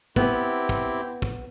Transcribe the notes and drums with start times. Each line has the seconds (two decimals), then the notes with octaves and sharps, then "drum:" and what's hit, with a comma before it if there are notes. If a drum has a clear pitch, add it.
0.16 B3 C4 E4 G4, drum: kick
0.69 drum: kick
1.22 drum: kick